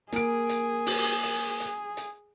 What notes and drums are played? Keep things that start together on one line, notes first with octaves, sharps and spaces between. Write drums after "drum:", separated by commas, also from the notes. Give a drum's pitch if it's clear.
A#3 G#4 D7, drum: hi-hat
drum: hi-hat
drum: open hi-hat
drum: hi-hat
drum: hi-hat
drum: hi-hat